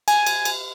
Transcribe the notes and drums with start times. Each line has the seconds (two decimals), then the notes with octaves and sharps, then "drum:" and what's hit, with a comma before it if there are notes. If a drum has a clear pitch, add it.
0.08 G#5, drum: cymbal
0.27 drum: cymbal
0.45 drum: cymbal